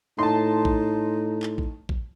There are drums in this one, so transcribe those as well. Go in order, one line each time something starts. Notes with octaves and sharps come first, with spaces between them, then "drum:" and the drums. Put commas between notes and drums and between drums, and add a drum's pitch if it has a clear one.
A2 D#4 A5 C6
drum: kick A#1
drum: clap
drum: kick A#1
drum: kick A#1